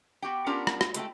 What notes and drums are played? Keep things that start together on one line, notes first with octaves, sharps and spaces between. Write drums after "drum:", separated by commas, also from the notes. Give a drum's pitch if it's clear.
B3 F#4 G4 G5
B3 C#4 D4 F4 G4 A#4
drum: rim click
drum: rim click
G#3 A3 A4 G5, drum: hi-hat